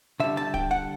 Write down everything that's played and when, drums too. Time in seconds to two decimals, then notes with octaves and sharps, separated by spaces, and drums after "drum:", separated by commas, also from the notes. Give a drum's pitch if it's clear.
0.20 D3 G3 E5
0.37 A5
0.54 G5, drum: kick
0.71 F#5